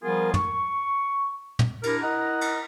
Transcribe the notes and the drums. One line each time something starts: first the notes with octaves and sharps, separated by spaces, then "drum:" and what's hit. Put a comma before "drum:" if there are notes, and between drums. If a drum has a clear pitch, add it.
F3 G3 B3 F4 G#4 A#4
C#6, drum: tom
drum: tom
D4 E4 G4 A#4, drum: cymbal
E4 A#4 D#5 F#5 A#5
drum: cymbal